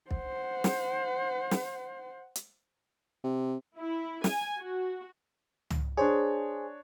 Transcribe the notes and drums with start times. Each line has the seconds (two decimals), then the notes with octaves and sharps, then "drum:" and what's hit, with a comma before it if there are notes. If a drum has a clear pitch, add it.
0.11 C5 F#5, drum: kick
0.64 drum: snare
1.51 drum: snare
2.36 drum: hi-hat
3.24 C3
3.78 E4
4.24 G#5, drum: snare
4.58 F#4
5.70 drum: tom
5.97 D4 G#4 C5 C#5